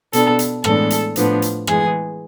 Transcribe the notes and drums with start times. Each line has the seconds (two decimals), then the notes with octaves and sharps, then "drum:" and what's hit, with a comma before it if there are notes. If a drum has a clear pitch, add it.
0.13 B2 B3 D4 A4, drum: hi-hat
0.39 drum: hi-hat
0.64 A2 E3 G#3 B3 D4 A4, drum: rim click
0.90 drum: hi-hat
1.16 A2 F3 B3 D4, drum: hi-hat
1.42 drum: hi-hat
1.67 E3 G#3 B3 G#4, drum: rim click